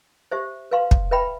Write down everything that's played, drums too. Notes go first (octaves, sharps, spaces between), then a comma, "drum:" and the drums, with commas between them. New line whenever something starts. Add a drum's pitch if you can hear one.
G4 C5 E5
B4 F5 C6
drum: kick
B4 E5 G5 B5